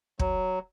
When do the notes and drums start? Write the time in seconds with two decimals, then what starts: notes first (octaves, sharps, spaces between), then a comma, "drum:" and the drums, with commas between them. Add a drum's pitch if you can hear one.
0.19 F#3, drum: kick